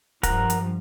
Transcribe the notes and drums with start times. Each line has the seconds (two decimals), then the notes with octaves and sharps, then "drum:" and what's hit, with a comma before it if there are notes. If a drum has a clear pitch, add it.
0.23 G2 F3 A#4 F#5 A#5, drum: kick, hi-hat
0.50 drum: hi-hat